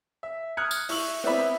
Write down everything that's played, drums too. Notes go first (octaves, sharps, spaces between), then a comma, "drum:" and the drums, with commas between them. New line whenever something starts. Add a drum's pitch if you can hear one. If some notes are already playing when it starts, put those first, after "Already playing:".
E5
D#6 F6 F#6 G#6 C#7
drum: tambourine
E4 C#6 E6 F#7, drum: open hi-hat
B3 C4 E4 D5 E5 B5